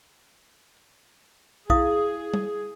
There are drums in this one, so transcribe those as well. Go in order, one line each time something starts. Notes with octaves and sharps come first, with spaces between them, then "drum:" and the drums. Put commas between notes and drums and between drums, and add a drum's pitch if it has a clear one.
E4 G#4 F5 D#6, drum: kick
drum: tom